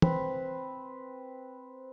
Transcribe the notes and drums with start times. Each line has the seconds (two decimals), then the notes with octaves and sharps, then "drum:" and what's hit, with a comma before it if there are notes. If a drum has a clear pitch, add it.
0.02 C4 B4, drum: tom